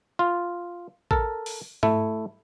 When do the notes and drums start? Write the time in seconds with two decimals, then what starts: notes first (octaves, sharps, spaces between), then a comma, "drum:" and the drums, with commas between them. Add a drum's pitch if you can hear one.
0.19 F4
1.11 A4 A#4, drum: kick A1
1.46 drum: open hi-hat
1.83 A3 E4, drum: tom G#2